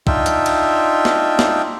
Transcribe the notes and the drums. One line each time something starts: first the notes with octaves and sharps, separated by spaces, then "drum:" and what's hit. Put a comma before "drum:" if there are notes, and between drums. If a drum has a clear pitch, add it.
D4 D#4 F4 E5 G5, drum: kick
drum: hi-hat
drum: cymbal
drum: snare
drum: snare